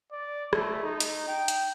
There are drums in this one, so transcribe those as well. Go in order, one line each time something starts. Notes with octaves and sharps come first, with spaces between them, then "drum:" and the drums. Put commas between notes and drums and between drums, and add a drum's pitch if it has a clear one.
D5
A3, drum: rim click
D#4
drum: hi-hat
G5
drum: hi-hat